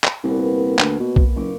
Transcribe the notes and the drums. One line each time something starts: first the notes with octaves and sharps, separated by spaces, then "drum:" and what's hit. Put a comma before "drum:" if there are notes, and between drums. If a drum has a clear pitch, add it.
drum: clap
C2 A#2 B3
D2, drum: clap
B2
drum: kick
F#1 A#2 C#6 D6